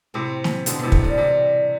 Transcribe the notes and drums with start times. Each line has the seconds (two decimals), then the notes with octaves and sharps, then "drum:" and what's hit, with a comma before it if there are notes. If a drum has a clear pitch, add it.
0.14 A2 C3 C4
0.44 drum: snare
0.66 B2 D3 C4, drum: hi-hat
0.79 A2 C3 B3
0.92 A3, drum: kick
1.04 G3
1.18 C3 E3